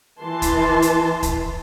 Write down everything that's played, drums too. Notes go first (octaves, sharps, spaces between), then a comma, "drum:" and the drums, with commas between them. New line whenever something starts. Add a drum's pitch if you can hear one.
E3 A5 C6
drum: kick, hi-hat
drum: hi-hat
drum: kick, hi-hat